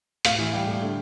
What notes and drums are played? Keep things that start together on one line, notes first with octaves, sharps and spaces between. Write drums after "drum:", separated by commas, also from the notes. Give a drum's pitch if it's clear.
A2 F5, drum: hi-hat
E3
G3 G5
A2
D3